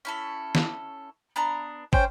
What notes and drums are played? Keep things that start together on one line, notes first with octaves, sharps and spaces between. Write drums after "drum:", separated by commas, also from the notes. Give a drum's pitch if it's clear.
C#4 E4 A4
drum: snare
B3 D4 A#5
C#4 C5 G5, drum: kick